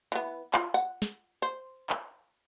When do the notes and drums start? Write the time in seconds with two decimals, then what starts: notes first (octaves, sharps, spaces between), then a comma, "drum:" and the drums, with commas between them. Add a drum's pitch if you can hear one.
0.12 E3 B3
0.54 F4, drum: clap
0.74 F#5, drum: tambourine
1.02 drum: snare
1.42 C5
1.90 drum: clap